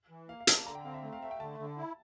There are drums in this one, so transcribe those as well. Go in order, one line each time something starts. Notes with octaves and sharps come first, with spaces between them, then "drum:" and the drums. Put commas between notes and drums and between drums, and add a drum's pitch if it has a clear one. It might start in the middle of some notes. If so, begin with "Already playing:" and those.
E3
A#3 F5
F5
A#3, drum: hi-hat
A5
D3 A#5
G5
C4 F5
E5
A3
F5
A3 E5
G5
D3 A5
D3
E4